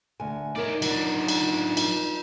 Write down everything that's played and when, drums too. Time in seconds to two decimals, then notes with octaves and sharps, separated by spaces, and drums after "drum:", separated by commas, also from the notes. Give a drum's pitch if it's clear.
0.20 D2 G#5
0.56 D#4 E4 A#4 C#5 D5
0.82 F#3 D4, drum: cymbal
1.28 drum: cymbal
1.77 drum: cymbal